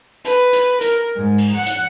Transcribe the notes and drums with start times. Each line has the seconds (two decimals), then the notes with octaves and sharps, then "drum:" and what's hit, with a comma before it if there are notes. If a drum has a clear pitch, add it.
0.25 B4, drum: hi-hat
0.53 drum: hi-hat
0.81 A#4, drum: hi-hat
1.15 G#2
1.38 drum: open hi-hat
1.56 F#5
1.66 drum: hi-hat